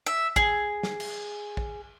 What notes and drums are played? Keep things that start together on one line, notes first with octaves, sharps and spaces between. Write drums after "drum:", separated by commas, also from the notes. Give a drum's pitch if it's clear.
E5
G#4, drum: kick
drum: snare
drum: cymbal
drum: kick